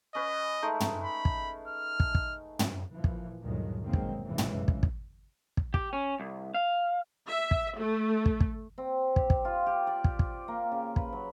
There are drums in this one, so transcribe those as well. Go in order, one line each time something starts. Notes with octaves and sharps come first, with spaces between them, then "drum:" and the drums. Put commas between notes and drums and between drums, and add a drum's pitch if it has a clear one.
C#4 B4 D#5
G#3 A3 D#4
drum: tom
B5
drum: kick
F6
drum: kick
drum: kick
drum: tom
A#2 E3 F3
drum: kick
D2 G2 A#2 D#3 F#3 G#3
B2 D#3 F#3 G#3 A#3 C4
drum: kick
F1 B1 A2 C#3 E3 G#3
drum: tom
drum: kick
drum: kick
drum: kick
G4, drum: kick
C#4
C2
F5
E5
drum: kick
A3
drum: kick
drum: kick
C4
G4, drum: kick
drum: kick
F4
G4
D5
drum: kick
drum: kick
A#3
C#3
B4, drum: kick
F#3